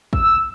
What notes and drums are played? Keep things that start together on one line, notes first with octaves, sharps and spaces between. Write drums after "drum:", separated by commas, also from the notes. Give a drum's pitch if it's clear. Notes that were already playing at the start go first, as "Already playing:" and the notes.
E6, drum: kick